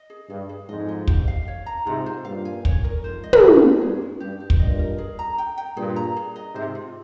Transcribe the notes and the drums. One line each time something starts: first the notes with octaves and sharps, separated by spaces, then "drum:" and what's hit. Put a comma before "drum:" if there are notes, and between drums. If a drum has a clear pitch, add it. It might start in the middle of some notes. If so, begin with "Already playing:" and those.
Already playing: D#5
G#4
G2 G#4
G#4
F2 G#2 D#5
D#5
G4, drum: kick
F5
C#5
A#5
G#2 C3 F4
C5
G2 A#2 F5
G#5
C#5, drum: kick
A#4
F2 G#2 C5
D#5
drum: tom
G2 C5
F4
G2 G#4
C#4
G2 G4
G4
drum: kick
G2 A#2 D#5
A#4
G#4
A#5
G5
G5
G2 A#2 G#4
A#5
G#4
D#5
G#2 C3 C5
F4